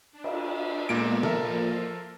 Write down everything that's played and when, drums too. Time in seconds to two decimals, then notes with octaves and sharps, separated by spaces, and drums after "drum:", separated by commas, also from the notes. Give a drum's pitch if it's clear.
0.12 D4
0.24 drum: cymbal
0.89 A#2 G#3 A#3 B3 A4 D7
1.23 F3 A#3 F4 A4 A#4 E5, drum: tom A#2